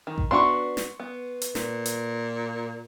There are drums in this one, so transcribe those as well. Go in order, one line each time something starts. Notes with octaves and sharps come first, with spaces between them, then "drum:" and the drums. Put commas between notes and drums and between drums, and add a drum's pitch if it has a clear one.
D#3
drum: kick A1
B3 D4 F#4 C6 C#6
drum: snare
B3
drum: hi-hat
A#2, drum: snare
drum: hi-hat